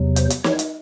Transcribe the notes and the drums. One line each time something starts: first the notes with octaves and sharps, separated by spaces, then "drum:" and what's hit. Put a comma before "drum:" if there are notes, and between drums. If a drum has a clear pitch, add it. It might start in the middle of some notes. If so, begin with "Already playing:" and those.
Already playing: E2 C3 F#3
C5, drum: hi-hat
drum: hi-hat
C#5, drum: snare
drum: hi-hat